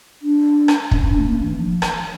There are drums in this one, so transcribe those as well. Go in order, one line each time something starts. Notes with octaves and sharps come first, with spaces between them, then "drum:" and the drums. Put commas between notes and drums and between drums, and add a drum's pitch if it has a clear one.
D4
drum: rim click
C#4, drum: kick
D4
A3
A#3
E3
F3
drum: rim click